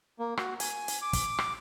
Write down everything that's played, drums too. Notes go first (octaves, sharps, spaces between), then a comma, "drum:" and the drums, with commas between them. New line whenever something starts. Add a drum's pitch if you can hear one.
A#3
F#4, drum: rim click
G#5, drum: hi-hat
drum: hi-hat
D6
drum: kick, hi-hat
drum: rim click